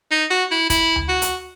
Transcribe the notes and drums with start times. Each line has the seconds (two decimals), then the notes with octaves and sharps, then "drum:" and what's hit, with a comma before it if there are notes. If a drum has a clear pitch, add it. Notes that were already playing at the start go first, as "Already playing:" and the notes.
0.11 D#4
0.31 F#4
0.51 E4
0.70 E4, drum: kick, hi-hat
0.96 drum: tom D2
1.09 F#4
1.22 drum: hi-hat